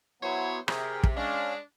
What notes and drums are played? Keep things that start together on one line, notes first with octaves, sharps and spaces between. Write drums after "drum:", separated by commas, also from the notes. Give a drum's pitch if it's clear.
F#3 B3 E4 C5 C#5
C3 G#4 A#4 G5, drum: rim click
drum: kick
G#3 C#4 D4 F5